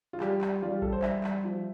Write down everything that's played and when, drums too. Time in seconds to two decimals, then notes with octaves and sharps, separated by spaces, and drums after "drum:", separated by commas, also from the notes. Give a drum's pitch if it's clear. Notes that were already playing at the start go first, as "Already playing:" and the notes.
0.13 F4
0.20 G3 G4, drum: clap
0.41 G3, drum: clap
0.62 G3 F4
0.71 G4
0.82 G3 A4, drum: kick G#1
0.93 C5
1.02 G3 E5, drum: clap
1.24 G3, drum: clap
1.44 F3